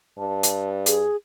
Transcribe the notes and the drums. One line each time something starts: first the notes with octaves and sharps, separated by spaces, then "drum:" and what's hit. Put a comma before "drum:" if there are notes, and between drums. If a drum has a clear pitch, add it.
G2 A5
drum: hi-hat
G#4, drum: hi-hat